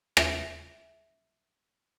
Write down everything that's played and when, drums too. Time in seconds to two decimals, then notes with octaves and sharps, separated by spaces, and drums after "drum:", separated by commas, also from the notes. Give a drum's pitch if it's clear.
0.17 E5 A#6, drum: rim click